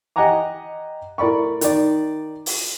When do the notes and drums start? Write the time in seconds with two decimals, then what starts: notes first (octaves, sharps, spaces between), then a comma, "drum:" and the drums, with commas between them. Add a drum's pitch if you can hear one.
0.16 G4 D#5 F#5 G#5 A#5 D6
1.18 A2 A#4 D5 B5 C#6
1.61 D#3 D5, drum: hi-hat
2.46 drum: open hi-hat